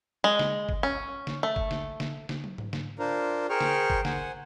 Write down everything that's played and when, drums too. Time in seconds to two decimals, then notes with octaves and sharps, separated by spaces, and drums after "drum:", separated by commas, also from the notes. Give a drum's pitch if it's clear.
0.24 G#3
0.39 drum: snare
0.69 drum: kick
0.83 C#4
1.27 drum: snare
1.43 A3
1.56 drum: kick
1.71 drum: snare
2.00 drum: snare
2.29 drum: snare
2.44 drum: tom
2.58 drum: tom G#2
2.73 drum: snare
2.99 D4 F4 A#4 C5
3.49 G#4 A#4 C5 G5 C#6 F6
3.60 drum: snare
3.90 drum: kick
4.05 C5 F#5 G#5, drum: snare